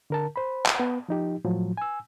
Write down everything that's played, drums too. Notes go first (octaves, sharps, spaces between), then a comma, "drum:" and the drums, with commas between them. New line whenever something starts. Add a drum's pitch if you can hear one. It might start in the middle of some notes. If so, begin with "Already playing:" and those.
D3 A#4 A5
C5 B5
drum: clap
B3
F3 D#4 G4
A2 F3 F#3
G#5 E6